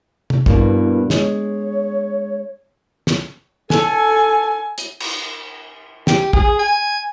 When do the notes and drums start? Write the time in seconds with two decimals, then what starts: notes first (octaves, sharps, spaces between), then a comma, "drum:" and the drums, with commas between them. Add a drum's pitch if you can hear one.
0.30 drum: tom
0.46 G2 B2 A#3 E4, drum: kick
1.10 G#3 C#5, drum: snare
3.07 drum: snare
3.70 A4 G#5, drum: snare
4.78 drum: hi-hat
5.00 drum: cymbal
6.07 G4, drum: snare
6.33 G#4, drum: kick
6.59 G#5